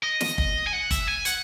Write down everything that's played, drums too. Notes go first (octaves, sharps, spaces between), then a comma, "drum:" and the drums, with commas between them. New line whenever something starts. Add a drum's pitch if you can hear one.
D#5
drum: snare
drum: kick
G#5
F#5
E5, drum: kick, hi-hat
G#5
F#5, drum: hi-hat